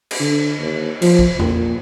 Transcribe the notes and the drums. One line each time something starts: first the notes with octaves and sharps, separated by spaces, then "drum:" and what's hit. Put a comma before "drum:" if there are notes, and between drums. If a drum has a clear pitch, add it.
drum: cymbal
D3
D#2
F3, drum: cymbal
drum: kick
A#2, drum: tom E2